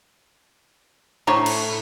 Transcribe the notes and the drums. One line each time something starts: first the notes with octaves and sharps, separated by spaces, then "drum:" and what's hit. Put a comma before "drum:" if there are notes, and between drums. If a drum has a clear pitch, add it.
A2 D4 C5 C#5 A#5
drum: cymbal